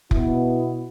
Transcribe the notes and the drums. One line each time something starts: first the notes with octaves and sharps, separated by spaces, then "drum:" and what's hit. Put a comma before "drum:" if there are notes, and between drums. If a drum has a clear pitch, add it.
B2 B3 E4, drum: kick F1